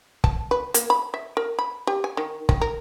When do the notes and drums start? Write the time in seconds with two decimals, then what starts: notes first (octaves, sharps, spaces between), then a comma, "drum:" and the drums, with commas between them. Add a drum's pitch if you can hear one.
0.24 A5, drum: kick
0.51 B4
0.74 A#3, drum: hi-hat
0.90 B5
1.14 E5
1.37 A#4
1.59 B5
1.87 G4
2.04 G#5
2.17 D#3
2.49 D#3, drum: kick
2.61 A#4